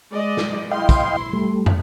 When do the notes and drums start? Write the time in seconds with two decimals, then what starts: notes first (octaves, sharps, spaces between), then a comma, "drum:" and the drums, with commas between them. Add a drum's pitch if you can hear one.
0.12 G#3 D5 D#5
0.37 drum: snare
0.71 E4 D#5 F5 G5 C6
0.89 drum: kick, hi-hat
1.33 G3 A3
1.66 drum: tom